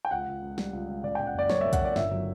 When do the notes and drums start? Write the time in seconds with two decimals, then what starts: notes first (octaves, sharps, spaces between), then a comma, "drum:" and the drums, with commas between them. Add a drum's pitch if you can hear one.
0.05 G5
0.11 C#2 F#5
0.27 C#2
0.42 C#2
0.58 G3, drum: snare
0.73 C#2
0.88 C#2
1.03 C#3 D5
1.15 C#3 G5
1.27 F#5
1.34 F#1 D5
1.50 F#2 C#5, drum: snare
1.61 F#2 E5
1.73 F#5, drum: kick, hi-hat
1.81 C#3 D5
1.96 G1 E5, drum: snare
2.11 F#3